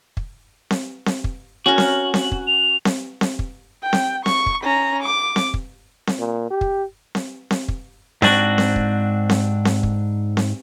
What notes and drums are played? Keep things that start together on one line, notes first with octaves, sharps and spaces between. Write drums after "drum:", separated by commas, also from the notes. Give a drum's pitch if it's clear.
drum: kick
drum: snare C4
drum: snare C4
drum: kick
C#4 F#4 A#4
drum: snare C4
drum: snare C4
drum: kick
F7
drum: snare C4
drum: snare C4
drum: kick
G5
drum: snare C4
C#6, drum: snare C4
drum: kick
C#4 A#5
D6
drum: snare C4
drum: kick
drum: snare C4
A#2
G4
drum: kick
drum: snare C4
drum: snare C4
drum: kick
G#2 C4 D4 F#4, drum: snare C4
drum: snare C4
drum: kick
drum: snare C4
drum: snare C4
drum: kick
drum: snare C4